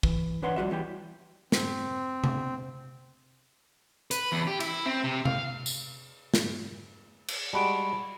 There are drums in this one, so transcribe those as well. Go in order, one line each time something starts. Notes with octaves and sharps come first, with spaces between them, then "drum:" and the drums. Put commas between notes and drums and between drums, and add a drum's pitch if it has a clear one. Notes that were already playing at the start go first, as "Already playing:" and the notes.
E3, drum: kick
E3 D4 B4 C#5 F#5 C6
F3 G3 C#4 F#4 D#5 E5
E2 E3 G4 G5
C4, drum: snare
drum: tom C3
B4, drum: hi-hat
E2
G4
E4, drum: cymbal
C4
C3
F5, drum: tom C3
drum: tambourine
drum: snare
drum: cymbal
G3 G#3 F#4 A5 B5 D7